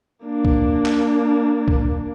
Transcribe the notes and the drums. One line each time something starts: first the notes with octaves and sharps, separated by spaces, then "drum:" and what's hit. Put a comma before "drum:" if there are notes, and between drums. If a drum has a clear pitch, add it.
A#3 D4
drum: kick C#2
drum: clap
drum: kick C#2